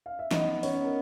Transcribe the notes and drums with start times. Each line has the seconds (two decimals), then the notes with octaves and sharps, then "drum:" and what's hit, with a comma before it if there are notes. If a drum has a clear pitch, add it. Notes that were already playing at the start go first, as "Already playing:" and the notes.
0.06 F5
0.19 E5
0.31 B3 D#4 D#5, drum: snare
0.63 C#4 C#5, drum: open hi-hat
0.85 A#4